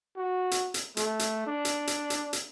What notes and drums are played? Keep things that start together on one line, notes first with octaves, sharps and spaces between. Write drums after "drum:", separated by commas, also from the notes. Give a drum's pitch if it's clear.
F#4
drum: hi-hat
drum: hi-hat
A3, drum: hi-hat
drum: hi-hat
D4
drum: hi-hat
drum: hi-hat
drum: hi-hat
drum: hi-hat